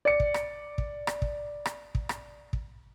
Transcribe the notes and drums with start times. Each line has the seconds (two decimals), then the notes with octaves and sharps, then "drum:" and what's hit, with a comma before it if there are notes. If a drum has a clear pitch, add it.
0.05 D5 C#7
0.20 drum: kick
0.34 drum: rim click
0.78 drum: kick
1.07 drum: rim click
1.22 drum: kick
1.65 drum: rim click
1.95 drum: kick
2.09 drum: rim click
2.53 drum: kick